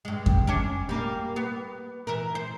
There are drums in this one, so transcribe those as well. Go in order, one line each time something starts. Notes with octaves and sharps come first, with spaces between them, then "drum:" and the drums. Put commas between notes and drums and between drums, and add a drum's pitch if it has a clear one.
G2 G#3
drum: kick F2
C#4 D4
G3 A#3
B3
E3 A#4
C5